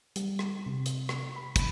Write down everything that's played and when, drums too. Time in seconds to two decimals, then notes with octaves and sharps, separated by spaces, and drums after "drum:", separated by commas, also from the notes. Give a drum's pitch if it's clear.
0.16 G3, drum: hi-hat
0.39 drum: rim click
0.66 C3
0.86 drum: hi-hat
1.09 drum: rim click
1.36 B5
1.56 drum: kick, hi-hat